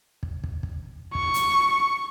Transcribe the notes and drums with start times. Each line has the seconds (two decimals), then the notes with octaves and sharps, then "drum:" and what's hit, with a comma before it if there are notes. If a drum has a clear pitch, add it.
0.23 drum: kick
0.44 drum: kick
0.63 drum: kick
1.15 C#6, drum: kick
1.34 drum: hi-hat